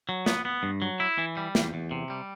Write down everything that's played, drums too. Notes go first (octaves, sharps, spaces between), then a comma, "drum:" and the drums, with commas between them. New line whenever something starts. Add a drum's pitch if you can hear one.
F#3
B3, drum: snare
B3
G2
F#3
E4
E3
G3
E2, drum: snare
E2
C3
G3